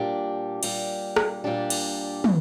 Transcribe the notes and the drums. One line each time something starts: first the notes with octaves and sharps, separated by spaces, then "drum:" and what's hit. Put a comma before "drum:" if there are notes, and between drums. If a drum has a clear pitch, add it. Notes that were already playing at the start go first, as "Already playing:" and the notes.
Already playing: A#2 G3 D4 G4
A#2 G3 D4 G4, drum: cymbal
drum: rim click
A#2 G3 D4 G4
drum: cymbal
drum: tom